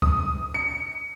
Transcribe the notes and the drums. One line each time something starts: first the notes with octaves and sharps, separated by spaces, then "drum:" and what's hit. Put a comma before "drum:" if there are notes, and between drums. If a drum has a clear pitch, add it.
D#6, drum: kick C#2
C#7